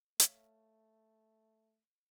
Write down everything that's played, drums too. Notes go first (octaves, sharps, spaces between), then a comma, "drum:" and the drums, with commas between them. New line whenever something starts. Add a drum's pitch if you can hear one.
A3 C#5 E5 F5, drum: hi-hat